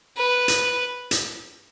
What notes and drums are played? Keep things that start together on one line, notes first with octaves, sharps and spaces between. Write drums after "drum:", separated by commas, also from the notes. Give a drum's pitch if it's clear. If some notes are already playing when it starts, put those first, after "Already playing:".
B4
drum: hi-hat
drum: hi-hat